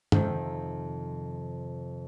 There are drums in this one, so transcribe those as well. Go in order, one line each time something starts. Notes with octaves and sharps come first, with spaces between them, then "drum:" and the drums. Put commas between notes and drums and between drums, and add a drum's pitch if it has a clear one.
F2 C3 D#3, drum: tom G2